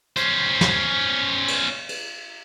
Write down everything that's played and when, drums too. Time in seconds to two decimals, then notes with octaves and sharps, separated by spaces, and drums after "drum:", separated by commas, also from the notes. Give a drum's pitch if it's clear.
0.17 C#4 C5, drum: hi-hat
0.61 drum: snare
1.48 drum: cymbal
1.89 drum: cymbal